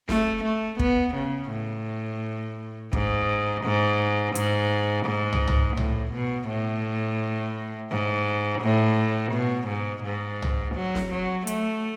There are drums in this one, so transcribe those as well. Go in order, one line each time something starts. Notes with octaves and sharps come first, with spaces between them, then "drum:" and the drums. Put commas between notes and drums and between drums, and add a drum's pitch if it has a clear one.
A3, drum: snare
A3
B3, drum: kick
C#3
A2
G#2, drum: kick
G#2
G#2, drum: hi-hat
G#2
drum: tom
drum: tom
A2, drum: tom
B2
A2
G#2
A2
B2
G#2
G#2
drum: tom
F#3
drum: snare
F#3
A3, drum: hi-hat